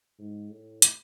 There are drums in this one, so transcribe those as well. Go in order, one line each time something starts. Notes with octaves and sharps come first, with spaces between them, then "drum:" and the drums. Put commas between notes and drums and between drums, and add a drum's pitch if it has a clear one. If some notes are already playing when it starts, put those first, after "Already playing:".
G#2
A2
drum: hi-hat